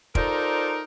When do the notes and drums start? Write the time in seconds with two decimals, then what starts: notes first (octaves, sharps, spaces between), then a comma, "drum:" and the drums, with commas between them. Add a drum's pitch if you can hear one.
0.15 D#4 F4 A4 A#4 C5 D5, drum: kick